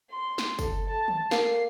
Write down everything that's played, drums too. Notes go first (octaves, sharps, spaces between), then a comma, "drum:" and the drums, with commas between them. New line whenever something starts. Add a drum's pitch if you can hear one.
C6
drum: snare
A4, drum: kick, tambourine
A5
drum: tom
A#3 C7, drum: snare